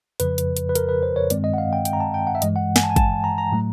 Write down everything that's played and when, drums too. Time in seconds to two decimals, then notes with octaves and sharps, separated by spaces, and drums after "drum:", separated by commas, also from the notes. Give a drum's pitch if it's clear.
0.20 F2 C#3 F3 B4, drum: hi-hat
0.38 drum: hi-hat
0.57 drum: hi-hat
0.69 B4
0.75 A#4, drum: hi-hat
0.89 B4
1.03 C5
1.16 C#5
1.30 G2 D#3 G#3 C4 D5, drum: hi-hat
1.44 D#5
1.54 F#5
1.58 F5
1.73 G5
1.85 G5, drum: hi-hat
1.93 A#5
2.00 A5
2.14 G5
2.27 F#5
2.35 E5
2.42 G2 E3 G#3 D#5, drum: hi-hat
2.56 F#5
2.76 G#5, drum: snare
2.84 A5
2.90 G#5
2.96 A5, drum: kick G#1, hi-hat
3.24 A#5
3.38 A#5
3.52 A2 F#3 A3